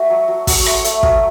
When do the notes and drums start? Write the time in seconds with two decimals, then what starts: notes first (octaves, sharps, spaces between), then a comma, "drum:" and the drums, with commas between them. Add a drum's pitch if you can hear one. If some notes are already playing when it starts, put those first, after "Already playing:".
Already playing: A3 F#4
0.10 F#3
0.28 F#3
0.47 F#3, drum: kick, open hi-hat
0.66 A3, drum: rim click
0.84 A3, drum: hi-hat
1.03 F#3, drum: kick